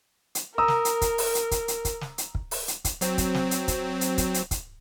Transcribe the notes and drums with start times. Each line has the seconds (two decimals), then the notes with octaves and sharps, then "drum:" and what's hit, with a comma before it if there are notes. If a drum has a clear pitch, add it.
0.35 drum: hi-hat
0.58 A#4 A#5 D#6 E6
0.68 drum: snare
0.85 drum: hi-hat
1.01 drum: kick, hi-hat
1.18 drum: open hi-hat
1.35 drum: hi-hat
1.51 drum: kick, hi-hat
1.68 drum: hi-hat
1.85 drum: kick, hi-hat
2.01 drum: snare
2.18 drum: hi-hat
2.35 drum: kick
2.51 drum: open hi-hat
2.68 drum: hi-hat
2.85 drum: kick, hi-hat
3.01 F#3 C4, drum: hi-hat
3.18 drum: kick, hi-hat
3.34 drum: snare
3.51 drum: hi-hat
3.68 drum: kick, hi-hat
4.01 drum: hi-hat
4.18 drum: kick, hi-hat
4.34 drum: hi-hat
4.51 drum: kick, hi-hat